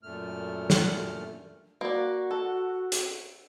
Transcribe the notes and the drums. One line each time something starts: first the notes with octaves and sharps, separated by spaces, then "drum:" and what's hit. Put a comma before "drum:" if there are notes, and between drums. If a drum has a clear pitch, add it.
F#2 A#2 A3 F6
drum: snare
A#3 F#4 D5
A4
drum: hi-hat